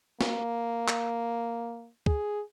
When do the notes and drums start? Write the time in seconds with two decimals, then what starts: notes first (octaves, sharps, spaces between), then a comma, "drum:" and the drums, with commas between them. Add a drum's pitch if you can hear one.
0.21 A#3, drum: snare
0.88 drum: clap
2.06 G#4, drum: kick